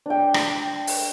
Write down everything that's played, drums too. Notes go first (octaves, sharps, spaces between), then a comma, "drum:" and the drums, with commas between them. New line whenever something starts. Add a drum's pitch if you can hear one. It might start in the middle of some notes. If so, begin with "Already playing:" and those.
D4 G5
drum: rim click
drum: open hi-hat